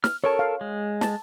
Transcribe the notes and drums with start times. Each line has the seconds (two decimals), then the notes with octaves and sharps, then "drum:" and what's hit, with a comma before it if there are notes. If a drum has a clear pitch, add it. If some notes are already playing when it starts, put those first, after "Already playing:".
0.04 F6, drum: snare
0.24 A4 A#4 C#5 A5
0.39 F5
0.61 G#3
1.01 A5, drum: snare